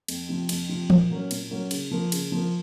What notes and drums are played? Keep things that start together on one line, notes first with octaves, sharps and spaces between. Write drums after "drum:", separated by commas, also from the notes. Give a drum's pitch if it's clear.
F2, drum: cymbal
C3 F3
F2, drum: cymbal
C3 F3
A#2, drum: tom E3
F#3 A#3 C#4
A#2, drum: cymbal
F#3 A#3 C#4
C#3, drum: cymbal
F3 A#3
C#3, drum: cymbal
F3 A#3